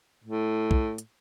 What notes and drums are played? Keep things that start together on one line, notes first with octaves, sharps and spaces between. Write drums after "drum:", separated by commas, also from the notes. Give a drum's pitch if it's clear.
A2
drum: kick
drum: hi-hat